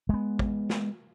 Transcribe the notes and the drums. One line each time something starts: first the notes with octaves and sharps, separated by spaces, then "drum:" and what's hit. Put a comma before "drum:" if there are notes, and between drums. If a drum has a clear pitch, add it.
G#3 B3
drum: kick
drum: snare